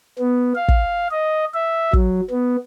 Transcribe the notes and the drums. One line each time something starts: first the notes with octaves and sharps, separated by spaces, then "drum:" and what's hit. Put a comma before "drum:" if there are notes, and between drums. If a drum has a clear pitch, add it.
B3
F5
drum: kick
D#5
E5
F#3, drum: kick
B3